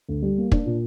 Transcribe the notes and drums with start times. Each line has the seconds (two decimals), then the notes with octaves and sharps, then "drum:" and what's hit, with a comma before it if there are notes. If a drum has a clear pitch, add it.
0.09 D2
0.22 G3
0.38 A#3
0.52 D4, drum: kick
0.66 A#2